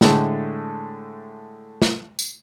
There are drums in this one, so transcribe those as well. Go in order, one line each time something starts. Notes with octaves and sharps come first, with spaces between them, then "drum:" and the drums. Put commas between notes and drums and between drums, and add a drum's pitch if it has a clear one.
A2 D3 G#3 A3, drum: snare
drum: snare
drum: tambourine